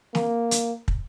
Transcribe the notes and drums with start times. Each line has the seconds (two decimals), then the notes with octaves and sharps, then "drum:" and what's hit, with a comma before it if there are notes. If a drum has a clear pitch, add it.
0.15 A#3, drum: snare
0.51 drum: hi-hat
0.88 drum: kick